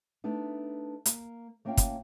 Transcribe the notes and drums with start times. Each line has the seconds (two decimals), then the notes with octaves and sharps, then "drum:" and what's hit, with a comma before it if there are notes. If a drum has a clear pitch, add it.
0.24 A3 B3 D4 D#4
1.06 A#3, drum: hi-hat
1.65 A3 A#3 C#4 F4 F5 G5
1.77 drum: kick, hi-hat